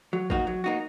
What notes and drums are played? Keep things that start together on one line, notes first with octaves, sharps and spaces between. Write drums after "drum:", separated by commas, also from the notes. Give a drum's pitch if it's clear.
F#3
A#3 D#4 F#4, drum: kick
F#3
A#3 D#4 F#4